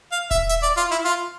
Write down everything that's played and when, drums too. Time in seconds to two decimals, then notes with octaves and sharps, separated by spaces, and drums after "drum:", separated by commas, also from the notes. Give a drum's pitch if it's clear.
0.12 F5
0.31 E5, drum: kick D#1
0.49 E5, drum: hi-hat
0.62 D5
0.77 F4
0.91 E4
1.05 F4